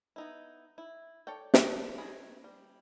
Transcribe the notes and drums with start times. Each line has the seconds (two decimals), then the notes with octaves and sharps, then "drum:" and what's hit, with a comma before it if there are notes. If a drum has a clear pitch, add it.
0.16 B3 D#4 E4
0.78 E4
1.27 A4 C#5 D5 G5
1.54 drum: snare
1.64 D4 F#4
1.98 D#3 G#4 B5
2.44 G3